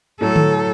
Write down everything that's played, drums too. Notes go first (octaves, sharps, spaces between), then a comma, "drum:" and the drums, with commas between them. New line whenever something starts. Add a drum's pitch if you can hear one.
A2 F#3 A3 A4
drum: tom D3